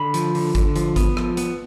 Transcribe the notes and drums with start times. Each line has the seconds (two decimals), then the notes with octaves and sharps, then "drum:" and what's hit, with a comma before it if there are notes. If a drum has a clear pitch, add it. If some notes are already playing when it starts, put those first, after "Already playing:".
Already playing: D3 B5
0.14 F3, drum: hi-hat
0.35 D3, drum: open hi-hat
0.55 D3, drum: kick G#1, hi-hat
0.76 F3, drum: hi-hat
0.96 B3, drum: kick G#1, hi-hat
1.17 F3, drum: rim click
1.37 B3, drum: hi-hat